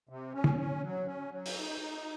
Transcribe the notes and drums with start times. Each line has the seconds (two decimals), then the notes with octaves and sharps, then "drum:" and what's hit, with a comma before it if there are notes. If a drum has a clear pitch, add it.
0.09 C3
0.34 C#4
0.44 drum: tom
0.58 C#4
0.83 F#3
1.06 C#4
1.31 F#3
1.46 drum: open hi-hat
1.56 D#4
1.81 D#4